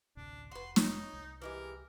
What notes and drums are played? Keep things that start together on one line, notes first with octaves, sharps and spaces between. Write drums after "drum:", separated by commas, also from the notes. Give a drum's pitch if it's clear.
A1 D2 C3 D4
F1 F#4 B4 C6
D#4 C#5, drum: snare
C2
E3 G#3 G4 A#4